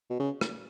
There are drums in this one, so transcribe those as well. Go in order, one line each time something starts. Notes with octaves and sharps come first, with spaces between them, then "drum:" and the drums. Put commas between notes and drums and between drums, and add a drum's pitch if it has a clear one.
B2
C#3
drum: rim click